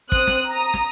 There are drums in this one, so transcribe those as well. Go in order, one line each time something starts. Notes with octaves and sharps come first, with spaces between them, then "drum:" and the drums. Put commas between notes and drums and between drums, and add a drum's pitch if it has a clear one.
C4 D#6 F#6, drum: kick
drum: snare
A#5 D#6
drum: snare